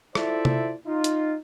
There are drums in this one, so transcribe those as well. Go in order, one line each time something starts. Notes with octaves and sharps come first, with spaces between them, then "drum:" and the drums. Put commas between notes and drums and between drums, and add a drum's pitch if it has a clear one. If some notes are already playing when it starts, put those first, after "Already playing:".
E4 F4 A4 C5 D5 E5, drum: rim click
drum: tom C3
D#4 F4
drum: hi-hat